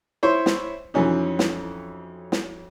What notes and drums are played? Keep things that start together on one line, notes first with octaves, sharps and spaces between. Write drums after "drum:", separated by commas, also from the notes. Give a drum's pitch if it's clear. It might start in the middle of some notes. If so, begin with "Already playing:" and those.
E4 C5 C#5
drum: snare
F2 E3 F#3 C#4 D#4
drum: snare
drum: snare